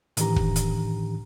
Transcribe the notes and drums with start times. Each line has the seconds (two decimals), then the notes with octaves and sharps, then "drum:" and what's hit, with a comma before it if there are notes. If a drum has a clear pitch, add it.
0.17 A2 D#3 E3 D4 G4 A#5, drum: hi-hat
0.36 drum: kick
0.56 drum: hi-hat